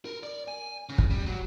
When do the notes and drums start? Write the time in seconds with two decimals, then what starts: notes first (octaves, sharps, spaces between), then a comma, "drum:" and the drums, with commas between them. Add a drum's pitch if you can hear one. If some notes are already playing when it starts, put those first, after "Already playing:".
0.05 A#4
0.23 D5
0.48 G#5
0.89 C#3
0.98 drum: kick
1.11 G3
1.26 F#3